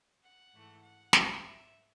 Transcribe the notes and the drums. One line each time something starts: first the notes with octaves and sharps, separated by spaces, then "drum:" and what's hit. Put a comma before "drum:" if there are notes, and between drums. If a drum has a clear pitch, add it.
F#5
G#2 E3 A3
F#5
G#2 F#3 A3, drum: snare
E5